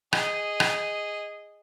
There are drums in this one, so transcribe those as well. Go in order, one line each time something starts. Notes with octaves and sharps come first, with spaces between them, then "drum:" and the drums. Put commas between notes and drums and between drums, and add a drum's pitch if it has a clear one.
G#4 D#5, drum: rim click
drum: rim click